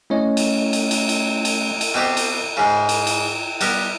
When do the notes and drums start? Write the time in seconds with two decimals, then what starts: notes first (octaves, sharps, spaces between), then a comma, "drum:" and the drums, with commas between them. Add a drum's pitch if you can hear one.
0.10 A3 C#4 E4 C#5 D#5
0.37 drum: cymbal
0.73 drum: cymbal
0.91 drum: cymbal
1.09 drum: cymbal
1.45 drum: cymbal
1.81 drum: cymbal
1.94 B2 C4 G4
2.17 drum: cymbal
2.57 G#2 C#3
2.89 drum: cymbal
3.07 drum: cymbal
3.61 G3 B3 A#4, drum: cymbal